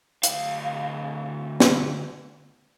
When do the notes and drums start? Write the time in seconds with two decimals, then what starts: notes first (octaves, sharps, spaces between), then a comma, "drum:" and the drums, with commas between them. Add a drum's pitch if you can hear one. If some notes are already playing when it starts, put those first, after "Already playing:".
0.23 D2 F5, drum: hi-hat
1.60 drum: snare